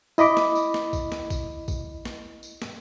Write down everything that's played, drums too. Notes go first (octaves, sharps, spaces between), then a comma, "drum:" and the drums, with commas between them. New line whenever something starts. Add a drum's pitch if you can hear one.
E4 D#5 B5 D6, drum: tambourine
drum: snare
drum: tambourine
drum: snare
drum: kick, tambourine
drum: snare
drum: kick, tambourine
drum: kick, tambourine
drum: snare
drum: tambourine
drum: snare